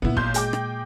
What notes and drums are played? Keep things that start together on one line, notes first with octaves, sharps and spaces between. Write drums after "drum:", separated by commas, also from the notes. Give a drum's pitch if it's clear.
A#2 A#3 B3 E4
B1 C6 G6, drum: kick
G#3 G5 D6, drum: hi-hat
drum: rim click